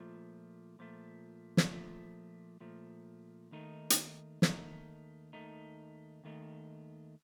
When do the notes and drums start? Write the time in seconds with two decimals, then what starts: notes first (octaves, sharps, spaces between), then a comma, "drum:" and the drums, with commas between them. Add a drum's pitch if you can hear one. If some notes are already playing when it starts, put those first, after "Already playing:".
Already playing: A#2 F3 A3
0.79 A#2 F3 A3
1.57 drum: snare
1.70 A#2 F3 A3
2.60 A#2 F3 A3
3.51 D#2 D#3 A3 D#4
3.90 drum: hi-hat
4.42 D#2 D#3 A3 D#4, drum: snare
5.33 D#2 D#3 A3 D#4
6.24 D#2 D#3 A3 D#4